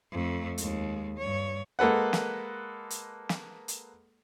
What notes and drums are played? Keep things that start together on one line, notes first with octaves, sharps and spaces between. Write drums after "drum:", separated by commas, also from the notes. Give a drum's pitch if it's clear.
F2 A3
D#2 G#3, drum: hi-hat
G2 C#5
G#3 A#3 A4 B4 F#5
drum: snare
drum: hi-hat
drum: snare
drum: hi-hat